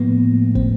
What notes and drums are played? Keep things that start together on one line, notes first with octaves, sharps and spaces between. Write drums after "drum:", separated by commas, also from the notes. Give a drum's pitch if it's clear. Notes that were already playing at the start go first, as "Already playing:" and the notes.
Already playing: A2 F3 A#3 B3
C4, drum: kick